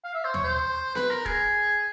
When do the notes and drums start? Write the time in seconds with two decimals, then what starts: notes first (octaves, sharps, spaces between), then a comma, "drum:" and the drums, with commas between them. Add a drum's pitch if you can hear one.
0.04 F5
0.14 E5
0.24 C5
0.34 C#5, drum: tom D#2
0.44 C5
0.95 B4, drum: snare B3
1.11 A#4
1.26 G#4, drum: kick